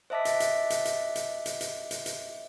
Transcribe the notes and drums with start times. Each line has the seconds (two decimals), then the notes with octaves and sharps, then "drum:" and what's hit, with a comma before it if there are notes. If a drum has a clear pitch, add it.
0.10 C5 D#5 E5 A5 D6 B6
0.25 drum: hi-hat
0.40 drum: hi-hat
0.70 drum: hi-hat
0.85 drum: hi-hat
1.15 drum: hi-hat
1.46 drum: hi-hat
1.61 drum: hi-hat
1.91 drum: hi-hat
2.06 drum: hi-hat